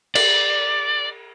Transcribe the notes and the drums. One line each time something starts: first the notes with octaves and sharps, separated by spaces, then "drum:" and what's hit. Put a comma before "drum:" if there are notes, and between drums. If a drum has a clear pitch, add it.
D5, drum: cymbal